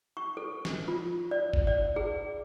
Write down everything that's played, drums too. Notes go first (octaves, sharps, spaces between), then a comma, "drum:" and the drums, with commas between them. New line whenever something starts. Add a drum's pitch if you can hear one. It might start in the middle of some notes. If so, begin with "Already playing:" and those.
C#6
A4
drum: snare
F4
D5
drum: kick G1
D5
G#4